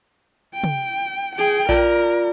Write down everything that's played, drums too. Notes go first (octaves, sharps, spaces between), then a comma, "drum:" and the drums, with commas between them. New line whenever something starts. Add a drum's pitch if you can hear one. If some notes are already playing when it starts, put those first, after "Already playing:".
G5
drum: tom
G#4 G5
F4 A#4 D5, drum: kick A#1